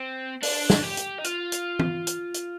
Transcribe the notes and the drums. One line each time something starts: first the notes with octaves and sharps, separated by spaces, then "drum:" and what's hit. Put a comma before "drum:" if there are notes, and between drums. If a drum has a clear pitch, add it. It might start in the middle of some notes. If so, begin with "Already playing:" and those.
Already playing: C4
D4, drum: open hi-hat
drum: snare
G4
drum: hi-hat
D#4
F4, drum: hi-hat
drum: hi-hat
drum: tom
drum: hi-hat
drum: hi-hat